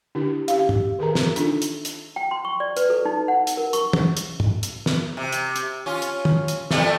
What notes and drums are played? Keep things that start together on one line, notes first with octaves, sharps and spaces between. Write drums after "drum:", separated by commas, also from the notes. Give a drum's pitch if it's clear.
D3 D4 E4 G4
C#4 G4 F5, drum: hi-hat
drum: tom
D#3 G#4 A#4 A#5
drum: snare
D4 D#4 F4 A4, drum: hi-hat
drum: hi-hat
drum: hi-hat
G5
C6
C#6
D5
B4, drum: hi-hat
A4
D#4
F#5
drum: hi-hat
A#4
C#6, drum: hi-hat
drum: tom
drum: hi-hat
drum: tom
drum: hi-hat
drum: snare
C3
drum: hi-hat
drum: hi-hat
C#4 F4
drum: hi-hat
drum: tom
drum: hi-hat
F3 G3 A3, drum: snare